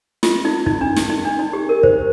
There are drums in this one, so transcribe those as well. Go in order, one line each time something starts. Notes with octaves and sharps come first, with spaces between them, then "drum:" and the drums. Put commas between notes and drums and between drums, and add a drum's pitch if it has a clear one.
F4, drum: snare
D#4
D#4, drum: kick
D4
D#4, drum: snare
D#4
D4
D#4
G4
A#4
C5, drum: kick